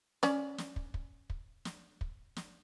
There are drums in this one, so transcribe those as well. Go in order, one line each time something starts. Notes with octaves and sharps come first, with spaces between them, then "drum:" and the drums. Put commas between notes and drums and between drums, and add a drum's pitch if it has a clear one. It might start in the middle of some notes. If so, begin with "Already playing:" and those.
C#4 D5, drum: snare
drum: snare
drum: kick
drum: kick
drum: kick
drum: snare
drum: kick
drum: snare